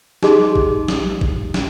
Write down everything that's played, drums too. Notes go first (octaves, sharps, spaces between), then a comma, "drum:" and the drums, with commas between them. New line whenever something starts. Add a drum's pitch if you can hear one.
D#4 G4 G#4 D#5 C6, drum: snare
drum: kick
drum: snare
drum: kick
drum: snare